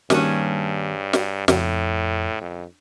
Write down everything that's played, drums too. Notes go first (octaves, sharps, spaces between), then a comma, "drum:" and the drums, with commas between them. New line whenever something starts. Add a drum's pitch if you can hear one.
G2 D#3 G3 A#3 C#4 D4 G#4, drum: snare
drum: snare
F2 A2 C#3, drum: snare
F2